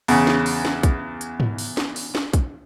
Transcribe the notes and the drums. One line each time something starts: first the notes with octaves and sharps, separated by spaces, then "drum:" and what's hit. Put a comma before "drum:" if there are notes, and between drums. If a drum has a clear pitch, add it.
E2 C#3, drum: open hi-hat
drum: snare
drum: open hi-hat
drum: snare
drum: kick, hi-hat
drum: hi-hat
drum: tom G#2
drum: open hi-hat
drum: snare
drum: open hi-hat
drum: snare
drum: kick, hi-hat